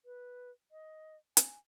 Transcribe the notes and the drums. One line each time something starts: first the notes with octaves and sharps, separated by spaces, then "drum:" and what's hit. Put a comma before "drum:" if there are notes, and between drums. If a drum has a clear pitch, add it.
B4
D#5
G#5, drum: hi-hat